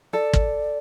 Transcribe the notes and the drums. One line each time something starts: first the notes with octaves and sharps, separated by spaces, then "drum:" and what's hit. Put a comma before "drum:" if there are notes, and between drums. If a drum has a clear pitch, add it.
A4 D5
drum: kick